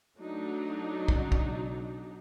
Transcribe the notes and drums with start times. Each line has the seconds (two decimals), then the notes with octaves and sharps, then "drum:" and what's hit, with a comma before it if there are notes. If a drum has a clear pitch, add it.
0.18 F#3 A3 D4 D#4
1.08 C2 C#3 G#3, drum: kick
1.32 drum: kick
1.42 B1